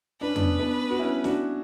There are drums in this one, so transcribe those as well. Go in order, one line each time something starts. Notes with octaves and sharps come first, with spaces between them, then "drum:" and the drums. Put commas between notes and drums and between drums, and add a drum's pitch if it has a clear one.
D4 B4
C#4
B3 D4, drum: tom F2
B3 D4
F#4
C#4 E4
D4 F#4, drum: snare